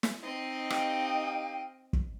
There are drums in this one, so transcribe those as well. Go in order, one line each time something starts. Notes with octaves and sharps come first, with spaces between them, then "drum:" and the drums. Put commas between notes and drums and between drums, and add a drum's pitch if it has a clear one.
drum: snare
C4 D#4 D#5
G4 F5 G5, drum: rim click
drum: kick